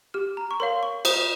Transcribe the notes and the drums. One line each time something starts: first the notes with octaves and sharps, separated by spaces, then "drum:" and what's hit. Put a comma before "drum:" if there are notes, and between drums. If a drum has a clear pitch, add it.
G4 F6
A#5
C#6
A#4 C#5 F5 C6
C#6
C5 D#6, drum: cymbal